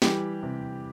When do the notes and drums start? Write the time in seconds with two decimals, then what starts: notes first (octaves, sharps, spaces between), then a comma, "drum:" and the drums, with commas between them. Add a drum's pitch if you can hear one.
0.02 E3 G3 G4, drum: snare
0.43 C3